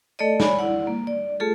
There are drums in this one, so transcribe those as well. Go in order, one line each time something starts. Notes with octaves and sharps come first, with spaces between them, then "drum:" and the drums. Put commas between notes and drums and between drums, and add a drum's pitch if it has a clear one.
A3 A4 D5 D#5
C#5 D5 G#5 B5, drum: snare
E4 D5 F#5
A#3
D5
A3 F4 G#4 A4